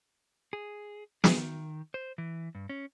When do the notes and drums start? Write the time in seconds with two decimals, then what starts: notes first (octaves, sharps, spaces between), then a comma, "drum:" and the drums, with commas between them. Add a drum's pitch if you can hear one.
0.53 G#4
1.24 G#4, drum: snare
1.37 D#3
1.94 C5
2.18 E3
2.55 G2
2.69 C#4